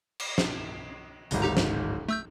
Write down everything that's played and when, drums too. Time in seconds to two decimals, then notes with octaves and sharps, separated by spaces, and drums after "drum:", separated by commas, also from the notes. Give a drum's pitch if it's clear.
0.20 drum: cymbal
0.38 drum: snare
1.31 D1 G#1, drum: hi-hat
1.42 D#4 G4 A#5
1.57 drum: snare
2.09 A3 E6 G6